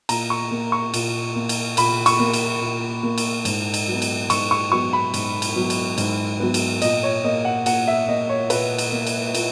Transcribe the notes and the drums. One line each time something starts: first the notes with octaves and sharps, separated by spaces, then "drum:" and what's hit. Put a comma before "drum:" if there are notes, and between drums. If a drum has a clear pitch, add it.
A#2 A#5, drum: cymbal
C#6
A#3
C#6
A#2, drum: cymbal
A#3
drum: cymbal
A#2 B5, drum: cymbal
C#6, drum: cymbal
A#3
drum: cymbal
A#2
A#3
drum: cymbal
G#2, drum: cymbal
drum: cymbal
F#3 B3
drum: cymbal
G#2 C#6, drum: cymbal
C#6
F#3 B3 C#6
B5
G#2, drum: cymbal
drum: cymbal
F#3 B3
drum: cymbal
G#2, drum: cymbal
F#3 B3
drum: cymbal
A#2 D#5, drum: cymbal
C#5
A#3 D#5
F#5
A#2 F#5, drum: cymbal
E5
A#3 D#5
C#5
A#2 B4, drum: cymbal
drum: cymbal
A#3
drum: cymbal
A#2, drum: cymbal